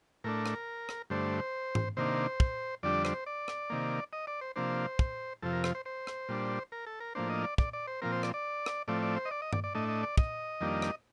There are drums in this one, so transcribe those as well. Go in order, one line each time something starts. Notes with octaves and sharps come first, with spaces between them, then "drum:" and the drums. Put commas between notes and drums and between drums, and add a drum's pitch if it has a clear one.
A2 A3 D4 A#4
drum: rim click
drum: rim click
G2 D3 A3 C5
drum: tom G#2
C3 D#3 A#3 D4 C5
drum: kick
F2 D3 G3 D4 D5
C5, drum: rim click
D5
drum: rim click
C3 D#3 A#3
D#5
D5
C5
C3 F3 A#3 D4 C5
drum: kick
F2 C3 F3 A4
A#4
C5, drum: rim click
C5
C5
drum: rim click
A#2 G3 D4
A#4
A4
A#4
A2 F3 A#3 D4 C5
D#5
D5
D5, drum: kick
D5
C5
A#2 F3 C4 A#4
C5
D5, drum: rim click
D5
drum: rim click
A2 F3 A3 C4 D5
D5
C5
D#5
D5
D#5
D5, drum: tom G2
D5
A2 A3 D4 D#5
D#5
D5
D#5, drum: kick
F2 D#3 G3 A#3 D4
drum: rim click